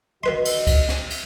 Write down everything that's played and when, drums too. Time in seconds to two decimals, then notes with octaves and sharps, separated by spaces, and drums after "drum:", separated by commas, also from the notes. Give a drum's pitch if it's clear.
0.23 D2 D#3 F#4 B4 D#5 C6
0.45 drum: cymbal
0.67 drum: kick C#2, cymbal
0.89 drum: snare
1.10 drum: cymbal